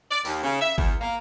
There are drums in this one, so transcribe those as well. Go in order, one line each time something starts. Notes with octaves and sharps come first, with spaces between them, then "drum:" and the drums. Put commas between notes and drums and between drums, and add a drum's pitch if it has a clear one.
D5
D#2, drum: open hi-hat
C#3
E5
E2, drum: kick G1
A#3